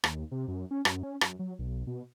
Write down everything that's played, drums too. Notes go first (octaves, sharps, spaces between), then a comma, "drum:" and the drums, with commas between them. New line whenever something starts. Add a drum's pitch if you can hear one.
D#2, drum: rim click
C3
F#2
C#4
F#2, drum: rim click
C#4
F#2, drum: rim click
F#3
B1
B2